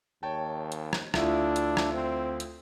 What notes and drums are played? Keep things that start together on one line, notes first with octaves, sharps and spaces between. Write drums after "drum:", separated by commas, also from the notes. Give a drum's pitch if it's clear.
D#2 C#5 G5 A5
drum: hi-hat
drum: rim click
D2 D4 E4 F4, drum: rim click
drum: hi-hat
drum: rim click
C4
drum: hi-hat